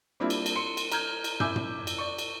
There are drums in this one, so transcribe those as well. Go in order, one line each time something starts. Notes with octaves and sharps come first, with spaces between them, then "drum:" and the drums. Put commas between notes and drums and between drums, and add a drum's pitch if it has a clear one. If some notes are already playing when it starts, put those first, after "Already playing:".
G3 A#3 C4 D4 E4 F4
drum: cymbal
drum: cymbal
C6 C#7
drum: cymbal
A#5 F6 G6 G#6, drum: cymbal
drum: cymbal
E4 G#5 D6 E6 G6, drum: tom
drum: tom
drum: cymbal
D5 C#6
drum: cymbal